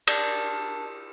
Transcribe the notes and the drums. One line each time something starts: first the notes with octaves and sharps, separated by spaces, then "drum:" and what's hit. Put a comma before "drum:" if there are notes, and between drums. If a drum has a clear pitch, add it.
D4, drum: cymbal